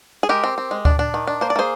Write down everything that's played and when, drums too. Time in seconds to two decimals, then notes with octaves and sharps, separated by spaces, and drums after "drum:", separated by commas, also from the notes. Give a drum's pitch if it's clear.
0.23 G#4
0.29 G#3 G4 A#4
0.44 C4
0.58 C4
0.71 G#3
0.85 D4, drum: kick D2
0.99 D4
1.14 D#3
1.27 D4
1.41 A#3 C5
1.50 D5
1.56 A#3 G#4 C5